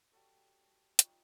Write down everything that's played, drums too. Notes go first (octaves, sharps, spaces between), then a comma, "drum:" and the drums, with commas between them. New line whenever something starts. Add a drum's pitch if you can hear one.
G3 F#4 A4 C#5
G3 D#4 F4 C#5, drum: hi-hat